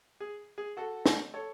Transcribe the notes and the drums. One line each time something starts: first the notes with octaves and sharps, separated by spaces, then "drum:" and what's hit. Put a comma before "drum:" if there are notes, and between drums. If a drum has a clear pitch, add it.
G#4
G#4
F#4 A4
drum: snare
A4 C#5